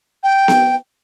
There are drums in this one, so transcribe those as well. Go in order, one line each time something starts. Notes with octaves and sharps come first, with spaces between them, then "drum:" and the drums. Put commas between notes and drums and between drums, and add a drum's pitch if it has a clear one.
G5
drum: snare B3